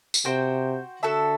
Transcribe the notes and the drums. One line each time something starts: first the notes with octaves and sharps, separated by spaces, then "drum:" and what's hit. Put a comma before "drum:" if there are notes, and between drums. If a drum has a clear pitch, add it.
drum: tambourine
C3 F#4 C5 G5
D3 F#4 A4 E5 A5